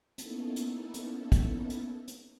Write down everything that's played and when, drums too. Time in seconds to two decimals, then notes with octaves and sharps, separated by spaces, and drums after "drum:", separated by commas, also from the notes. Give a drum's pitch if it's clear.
0.18 A#3 B3 C#4 D#4 E4 A4, drum: hi-hat
0.56 drum: hi-hat
0.94 drum: hi-hat
1.32 drum: kick, hi-hat
1.70 drum: hi-hat
2.08 drum: hi-hat